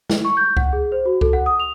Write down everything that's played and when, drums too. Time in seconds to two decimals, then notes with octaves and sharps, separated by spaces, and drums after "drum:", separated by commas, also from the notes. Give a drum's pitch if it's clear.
0.10 drum: snare
0.25 C#6
0.37 G6
0.57 F#5, drum: kick C#2
0.73 G#4
0.92 C5
1.05 F#4
1.21 A4, drum: kick C#2
1.33 F#5
1.46 D#6
1.60 F7